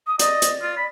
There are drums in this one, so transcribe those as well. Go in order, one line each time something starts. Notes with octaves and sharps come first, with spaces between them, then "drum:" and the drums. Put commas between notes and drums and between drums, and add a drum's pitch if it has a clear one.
D#6
D5 D#5, drum: hi-hat
drum: hi-hat
F4
B5